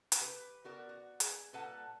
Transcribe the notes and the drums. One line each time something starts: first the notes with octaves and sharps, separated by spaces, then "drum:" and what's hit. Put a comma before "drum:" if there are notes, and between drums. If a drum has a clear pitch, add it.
drum: hi-hat
G4 B4
B3 F#4 A#4 D5
F#4
G#4, drum: hi-hat
A#2 G3 A4 B4 F#5 A5